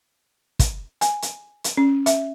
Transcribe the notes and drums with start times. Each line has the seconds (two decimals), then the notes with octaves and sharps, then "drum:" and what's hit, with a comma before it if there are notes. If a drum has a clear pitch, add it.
0.60 drum: kick, hi-hat
1.01 G#5, drum: hi-hat
1.22 drum: hi-hat
1.64 drum: hi-hat
1.77 C#4
2.06 E5, drum: hi-hat